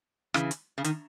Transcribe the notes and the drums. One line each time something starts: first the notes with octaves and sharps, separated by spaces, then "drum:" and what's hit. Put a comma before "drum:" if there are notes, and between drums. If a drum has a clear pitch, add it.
C#3 E3, drum: rim click
drum: hi-hat
C#3
D#3, drum: hi-hat